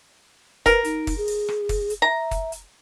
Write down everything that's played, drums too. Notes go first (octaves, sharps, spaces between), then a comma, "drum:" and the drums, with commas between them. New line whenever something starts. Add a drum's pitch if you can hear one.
A#4 B4, drum: kick, hi-hat
D#4, drum: hi-hat
drum: kick, open hi-hat
G#4
drum: open hi-hat
drum: rim click
drum: kick, open hi-hat
drum: hi-hat
E5 A#5
drum: kick, hi-hat
drum: hi-hat